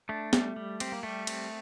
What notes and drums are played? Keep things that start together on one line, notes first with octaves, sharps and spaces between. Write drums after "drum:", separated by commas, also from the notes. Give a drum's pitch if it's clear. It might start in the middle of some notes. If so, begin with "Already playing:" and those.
A3 D4
G3, drum: snare
G3
C4 G4, drum: cymbal
A#3
G3 A3
C4, drum: cymbal